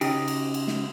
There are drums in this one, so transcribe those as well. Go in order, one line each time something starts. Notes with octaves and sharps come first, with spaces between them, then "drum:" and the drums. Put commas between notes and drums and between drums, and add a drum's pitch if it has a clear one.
C#3 D#4 G4, drum: cymbal
drum: cymbal
drum: cymbal
drum: snare